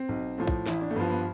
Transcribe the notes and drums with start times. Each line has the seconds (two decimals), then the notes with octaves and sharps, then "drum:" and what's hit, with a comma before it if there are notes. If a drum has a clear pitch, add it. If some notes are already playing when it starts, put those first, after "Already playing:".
Already playing: C4
0.09 B1
0.38 A2 F3
0.48 drum: kick
0.66 A1 E4, drum: snare
0.81 D4
0.90 A3
0.96 G2 F3 B3
1.10 B3